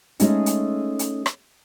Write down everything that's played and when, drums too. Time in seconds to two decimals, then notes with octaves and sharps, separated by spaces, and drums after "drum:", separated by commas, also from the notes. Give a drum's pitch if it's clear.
0.20 G#3 A3 C#4 D#4 G#4 A4, drum: hi-hat
0.46 drum: hi-hat
0.99 drum: hi-hat
1.26 drum: rim click